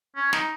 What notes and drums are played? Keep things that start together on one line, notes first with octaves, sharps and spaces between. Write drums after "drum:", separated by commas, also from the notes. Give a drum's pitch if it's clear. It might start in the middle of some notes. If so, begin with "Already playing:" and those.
C#4
D#4, drum: snare